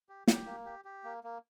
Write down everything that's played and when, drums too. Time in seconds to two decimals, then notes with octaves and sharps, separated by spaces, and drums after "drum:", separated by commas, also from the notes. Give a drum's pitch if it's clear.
0.09 G4
0.28 G4, drum: snare
0.46 A#3
0.65 G4
0.85 G4
1.04 A#3
1.24 A#3